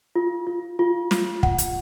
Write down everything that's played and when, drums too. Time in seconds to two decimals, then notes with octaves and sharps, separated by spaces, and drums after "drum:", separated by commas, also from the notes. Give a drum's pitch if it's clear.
0.15 F4
0.47 F4
0.79 F4
1.11 F4, drum: snare
1.43 F#5, drum: kick
1.58 drum: hi-hat